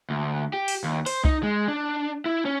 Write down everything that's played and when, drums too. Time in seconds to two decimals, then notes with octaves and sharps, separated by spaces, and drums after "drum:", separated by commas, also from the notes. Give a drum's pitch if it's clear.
0.10 D2
0.54 G4
0.68 drum: open hi-hat
0.84 D#2
1.06 C5, drum: open hi-hat
1.25 D#4, drum: kick C2
1.43 G#3
1.68 D4
2.26 E4
2.45 C#4